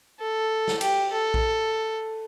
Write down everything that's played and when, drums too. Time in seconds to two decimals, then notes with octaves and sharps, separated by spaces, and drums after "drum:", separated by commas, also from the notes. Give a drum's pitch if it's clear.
0.20 A4
0.68 drum: snare
0.81 G4, drum: cymbal
1.12 A4
1.34 drum: kick A#1